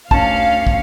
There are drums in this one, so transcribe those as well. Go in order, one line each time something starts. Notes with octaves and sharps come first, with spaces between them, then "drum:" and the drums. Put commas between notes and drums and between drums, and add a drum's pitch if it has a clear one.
D2 C#4 F5 A5, drum: kick
drum: kick